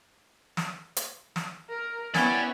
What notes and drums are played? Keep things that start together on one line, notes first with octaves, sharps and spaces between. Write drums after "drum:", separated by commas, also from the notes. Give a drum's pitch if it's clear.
drum: snare
drum: hi-hat
drum: snare
A#4
B3 C#4 E4 D5 G5, drum: snare